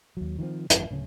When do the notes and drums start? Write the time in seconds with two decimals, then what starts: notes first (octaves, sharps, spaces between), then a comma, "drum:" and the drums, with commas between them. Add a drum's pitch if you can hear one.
0.17 D#2 F#3
0.39 D#3 F3 G#3 C4
0.70 G#1 F#2 A2 E3, drum: hi-hat
0.91 D1 C#3 C#4